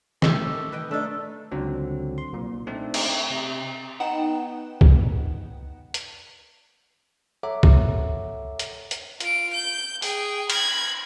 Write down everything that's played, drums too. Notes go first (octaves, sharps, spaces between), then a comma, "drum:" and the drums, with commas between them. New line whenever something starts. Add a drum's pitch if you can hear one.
D#3 A3 G4 A4, drum: snare
B4 D#5 G5
A3 D4 D#4 A4
C#2 D3 F#3 C4
C6
B1 A#2
A3 C4 D4 D#4
drum: cymbal
C3 A#5
B3 D#4 F#5 G5 E7
drum: kick
drum: hi-hat
A4 C#5 E5 F#5 A#5 D6
drum: kick
drum: hi-hat
drum: hi-hat
F4 D7, drum: hi-hat
G6
G#4 G5, drum: open hi-hat
B5 G#6, drum: cymbal